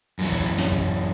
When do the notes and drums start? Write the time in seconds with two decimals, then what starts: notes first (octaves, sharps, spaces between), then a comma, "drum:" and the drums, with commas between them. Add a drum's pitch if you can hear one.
0.19 F#2 E3
0.32 drum: kick
0.58 drum: snare
0.71 drum: kick